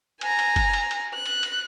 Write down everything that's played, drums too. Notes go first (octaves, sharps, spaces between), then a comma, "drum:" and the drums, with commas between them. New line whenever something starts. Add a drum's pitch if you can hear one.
G#5 A#5, drum: cymbal
drum: cymbal
drum: kick F#1, cymbal
drum: cymbal
drum: cymbal
F#6
drum: cymbal
drum: cymbal